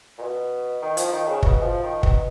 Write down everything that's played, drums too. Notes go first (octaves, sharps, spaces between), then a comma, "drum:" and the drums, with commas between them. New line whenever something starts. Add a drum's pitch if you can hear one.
A#2
B2
D#3
F3, drum: hi-hat
D#3
C#3
B2, drum: kick
F3
D#3
B2, drum: kick